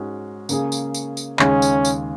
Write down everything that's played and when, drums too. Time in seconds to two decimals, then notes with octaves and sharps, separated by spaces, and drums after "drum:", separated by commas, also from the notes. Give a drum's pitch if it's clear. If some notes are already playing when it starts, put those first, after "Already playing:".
Already playing: G#2 G#3 C#4 F#4
0.49 C#3 A#3 C#4 G#4, drum: tambourine
0.72 drum: tambourine
0.94 drum: tambourine
1.17 drum: tambourine
1.39 D#2 C#3 G#3 C#4, drum: clap
1.62 drum: tambourine
1.85 drum: tambourine